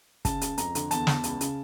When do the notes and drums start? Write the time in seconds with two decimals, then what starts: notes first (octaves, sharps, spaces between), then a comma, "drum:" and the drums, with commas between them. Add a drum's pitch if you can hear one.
0.25 C#3 A5, drum: kick, hi-hat
0.41 C#2, drum: hi-hat
0.58 F2 A#5, drum: hi-hat
0.75 D3, drum: hi-hat
0.91 E2 A5, drum: hi-hat
1.07 E2, drum: snare
1.24 C#2, drum: hi-hat
1.41 C#3, drum: hi-hat